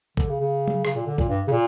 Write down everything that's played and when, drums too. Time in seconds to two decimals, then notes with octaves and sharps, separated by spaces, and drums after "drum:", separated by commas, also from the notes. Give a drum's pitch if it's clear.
0.17 D3, drum: kick
0.29 C#3
0.40 C#3
0.68 drum: tom F#3
0.85 C#3, drum: rim click
0.95 A#2
1.07 D3
1.18 A#2, drum: kick
1.29 G2
1.47 C#3
1.52 A#2